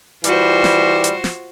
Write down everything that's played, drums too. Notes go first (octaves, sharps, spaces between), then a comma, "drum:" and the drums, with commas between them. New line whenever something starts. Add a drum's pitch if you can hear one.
E3 G3 F4 F#4 C5, drum: hi-hat
drum: snare
drum: hi-hat
drum: snare